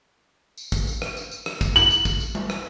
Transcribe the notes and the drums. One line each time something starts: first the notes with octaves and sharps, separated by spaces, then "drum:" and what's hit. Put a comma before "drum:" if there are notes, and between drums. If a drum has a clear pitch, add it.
drum: tambourine
drum: kick, tambourine
drum: tambourine
drum: rim click
drum: tambourine
drum: tambourine
drum: rim click
drum: kick, tambourine
F#7, drum: tambourine
drum: tambourine
drum: kick, tambourine
drum: tambourine
drum: tom G3
drum: rim click